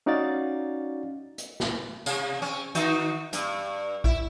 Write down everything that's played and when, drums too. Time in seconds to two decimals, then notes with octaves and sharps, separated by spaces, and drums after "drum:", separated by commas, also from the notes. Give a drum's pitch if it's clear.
0.06 C#4 D#4 F#4 D5 F5 A6
1.38 drum: hi-hat
1.60 drum: snare
2.06 C3, drum: tambourine
2.41 C4 C#4
2.75 D#3 D#4 F#4, drum: hi-hat
3.33 G2, drum: hi-hat
4.04 E4, drum: kick A#1